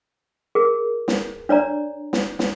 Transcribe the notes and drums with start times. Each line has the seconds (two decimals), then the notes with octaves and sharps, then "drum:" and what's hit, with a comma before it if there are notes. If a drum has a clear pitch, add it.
0.55 G#4 A#4
1.08 drum: snare
1.49 D4 C#5 D5 A#5
2.13 drum: snare
2.39 drum: snare